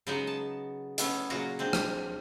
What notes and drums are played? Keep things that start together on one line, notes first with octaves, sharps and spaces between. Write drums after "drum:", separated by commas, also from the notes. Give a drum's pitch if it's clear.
C#3 F#3 G#3 B3 D#4
A5
A3 B3 C#4 A4, drum: hi-hat
A#2 C#3 F#3 F4 F#4 A#5
G#3 C4 D4
drum: rim click